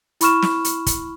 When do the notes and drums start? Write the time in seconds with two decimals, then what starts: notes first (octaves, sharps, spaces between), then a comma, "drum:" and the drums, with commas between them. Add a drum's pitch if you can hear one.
0.21 E4 B5 C#6 F6 E7, drum: hi-hat
0.43 drum: snare
0.65 drum: hi-hat
0.86 drum: kick, hi-hat